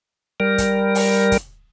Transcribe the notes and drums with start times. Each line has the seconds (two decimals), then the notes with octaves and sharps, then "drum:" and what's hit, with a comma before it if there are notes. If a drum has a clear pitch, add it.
0.40 G3 A#4
0.58 drum: kick, hi-hat
0.95 drum: open hi-hat
1.32 drum: kick, hi-hat